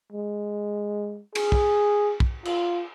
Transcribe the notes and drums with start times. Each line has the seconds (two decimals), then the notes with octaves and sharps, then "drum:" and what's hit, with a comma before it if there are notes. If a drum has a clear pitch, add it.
0.12 G#3
1.35 G#4, drum: cymbal
1.52 drum: kick
2.20 drum: kick
2.45 F4, drum: cymbal